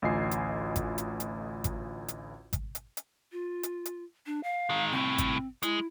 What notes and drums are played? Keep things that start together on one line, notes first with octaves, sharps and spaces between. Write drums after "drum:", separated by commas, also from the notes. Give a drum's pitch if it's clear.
A1 D2 F4 D#5 G#5 C7
drum: hi-hat
drum: kick G#1, hi-hat
drum: hi-hat
drum: hi-hat
drum: kick G#1, hi-hat
drum: hi-hat
drum: kick G#1, hi-hat
drum: hi-hat
drum: hi-hat
F4
drum: hi-hat
drum: hi-hat
D4
F5
D#3 G#3
C2 A2 C4
drum: kick G#1, hi-hat
G#3 E4, drum: hi-hat